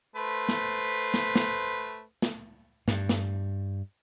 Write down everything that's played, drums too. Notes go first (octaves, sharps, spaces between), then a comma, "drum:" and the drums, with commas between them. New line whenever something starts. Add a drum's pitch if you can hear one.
A3 B4 C5
drum: snare
drum: snare
drum: snare
drum: snare
G2, drum: snare
drum: snare